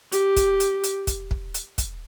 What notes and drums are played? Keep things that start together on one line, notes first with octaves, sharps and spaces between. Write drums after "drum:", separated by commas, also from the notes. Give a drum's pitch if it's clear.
G4, drum: hi-hat
drum: kick, hi-hat
drum: hi-hat
drum: hi-hat
drum: kick, hi-hat
drum: kick
drum: hi-hat
drum: kick, hi-hat